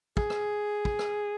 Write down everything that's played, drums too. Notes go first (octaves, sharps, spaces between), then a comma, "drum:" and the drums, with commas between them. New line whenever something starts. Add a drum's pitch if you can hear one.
G#4, drum: kick
drum: rim click
drum: kick
drum: rim click